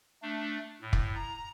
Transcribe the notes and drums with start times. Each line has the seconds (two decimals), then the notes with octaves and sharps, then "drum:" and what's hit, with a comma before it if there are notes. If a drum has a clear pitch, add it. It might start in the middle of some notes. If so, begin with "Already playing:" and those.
0.22 A3 D4
0.81 A2
0.93 drum: kick
1.15 A#5